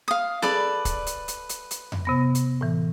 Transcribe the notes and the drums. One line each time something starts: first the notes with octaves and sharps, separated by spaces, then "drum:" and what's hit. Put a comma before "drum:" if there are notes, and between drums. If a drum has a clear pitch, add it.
F5 D#6
G#4 A4 B4 D5, drum: snare C4
drum: kick, hi-hat
drum: hi-hat
drum: hi-hat
drum: hi-hat
drum: hi-hat
drum: tom F2
C3 B3 A#6
drum: hi-hat
A2 E3